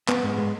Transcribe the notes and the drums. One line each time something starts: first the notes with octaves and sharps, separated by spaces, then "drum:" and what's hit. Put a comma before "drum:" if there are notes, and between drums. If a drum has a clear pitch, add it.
B3, drum: clap
G#2
G#3